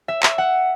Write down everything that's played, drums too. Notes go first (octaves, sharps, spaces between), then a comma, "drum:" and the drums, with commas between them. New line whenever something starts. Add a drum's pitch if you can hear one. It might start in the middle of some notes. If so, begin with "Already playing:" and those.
E5
E5, drum: clap
F#5